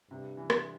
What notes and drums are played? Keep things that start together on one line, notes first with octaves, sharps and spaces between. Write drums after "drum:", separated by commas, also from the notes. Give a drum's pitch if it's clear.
G2 C3
E3
drum: rim click